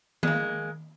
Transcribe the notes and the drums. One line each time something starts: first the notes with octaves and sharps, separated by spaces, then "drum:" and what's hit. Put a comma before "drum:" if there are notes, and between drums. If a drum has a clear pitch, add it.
G#3 A#3, drum: tom D#3